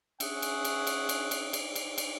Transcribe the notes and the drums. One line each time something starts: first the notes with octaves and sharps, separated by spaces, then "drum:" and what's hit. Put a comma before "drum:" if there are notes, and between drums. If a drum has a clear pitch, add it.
C#4 G#4 E5 F#5, drum: cymbal
drum: cymbal
drum: cymbal
drum: cymbal
drum: cymbal
drum: cymbal
drum: cymbal
drum: cymbal
drum: cymbal